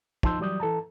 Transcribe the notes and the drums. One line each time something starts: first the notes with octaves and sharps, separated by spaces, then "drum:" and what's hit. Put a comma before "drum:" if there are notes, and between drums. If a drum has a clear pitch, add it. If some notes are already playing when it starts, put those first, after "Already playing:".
F3 D#4 A5 C6 E6 G6, drum: kick
E3 F#3 G3 D5 D#6 G6
E3 A4 A5 A#5